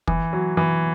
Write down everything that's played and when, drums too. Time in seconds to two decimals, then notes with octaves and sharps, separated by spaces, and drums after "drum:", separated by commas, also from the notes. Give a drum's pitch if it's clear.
0.07 E3, drum: kick
0.33 F#3
0.57 E3